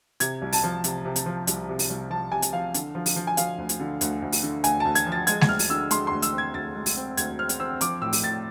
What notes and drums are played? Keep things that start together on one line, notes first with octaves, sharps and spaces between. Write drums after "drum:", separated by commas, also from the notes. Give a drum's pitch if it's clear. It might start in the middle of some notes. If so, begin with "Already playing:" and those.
C3 G#6, drum: hi-hat
C2
A5, drum: open hi-hat
F3
C3, drum: hi-hat
C3
drum: hi-hat
F3
C2, drum: hi-hat
C3
drum: open hi-hat
C2
F3 A5
C3 G#5
drum: hi-hat
F3 F5
D3, drum: hi-hat
F3
drum: open hi-hat
F3
G#5
F3 F5, drum: hi-hat
D2
drum: hi-hat
D3
D2, drum: hi-hat
D2
drum: open hi-hat
D3
D2 G#5, drum: hi-hat
D2 A5
G#6, drum: hi-hat
F3
A6
G#3 G#6, drum: hi-hat
G#6, drum: snare G#3
D2 F6
drum: open hi-hat
D3 E6
G#3 C6, drum: hi-hat
D2 C6
E6, drum: hi-hat
C4
G#6
D2 A6
G#3
drum: open hi-hat
C4
D2 G#6, drum: hi-hat
C4 F6
drum: hi-hat
C4 E6
F3 D6, drum: hi-hat
A2 E6
drum: open hi-hat
A2 A6